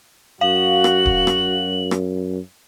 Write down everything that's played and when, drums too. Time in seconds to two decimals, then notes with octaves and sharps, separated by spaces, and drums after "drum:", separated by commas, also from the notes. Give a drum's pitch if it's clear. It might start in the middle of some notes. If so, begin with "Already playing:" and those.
0.41 F#2 F#4 F5 F#7
0.84 drum: rim click
1.06 drum: kick D1
1.27 drum: rim click
1.91 drum: rim click